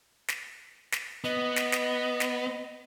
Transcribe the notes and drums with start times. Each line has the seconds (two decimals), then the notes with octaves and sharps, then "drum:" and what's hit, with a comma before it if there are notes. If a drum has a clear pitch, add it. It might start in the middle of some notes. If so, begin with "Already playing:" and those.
0.28 drum: snare
0.92 drum: snare
1.24 B3 D#5
1.56 drum: snare
1.72 drum: snare
2.20 drum: snare